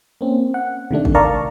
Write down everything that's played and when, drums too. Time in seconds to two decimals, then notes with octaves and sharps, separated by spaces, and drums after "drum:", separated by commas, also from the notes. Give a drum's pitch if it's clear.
0.21 A#3 C4 C#4
0.54 F#5
0.91 C3 D#3 A3 D4
1.05 drum: kick
1.15 A#4 D5 F5 A5 A#5 C#6